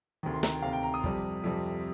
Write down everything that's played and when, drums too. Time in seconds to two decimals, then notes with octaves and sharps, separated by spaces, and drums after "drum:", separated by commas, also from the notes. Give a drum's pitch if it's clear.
0.23 D2 C3 D#3
0.33 C6
0.43 A#5, drum: snare
0.53 G5
0.62 D2 C3 D#3 F5
0.73 G5
0.83 A#5
0.94 D#6
1.04 F2 C3 G3, drum: kick
1.44 F2 C3 G3